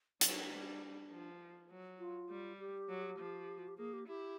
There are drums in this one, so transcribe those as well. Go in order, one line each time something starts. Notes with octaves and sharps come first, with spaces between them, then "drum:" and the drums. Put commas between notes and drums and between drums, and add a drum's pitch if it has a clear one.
F#3 D4, drum: hi-hat
G3
F3
F#3
F4
G3
G4
F#3
F3
F#4
G4
A#3 G#4
G4
E4 G4